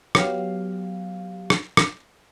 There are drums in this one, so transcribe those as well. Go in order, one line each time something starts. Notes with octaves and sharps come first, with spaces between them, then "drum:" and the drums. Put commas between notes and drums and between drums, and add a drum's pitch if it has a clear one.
F#3 B3 G4 F5, drum: rim click
drum: rim click
drum: rim click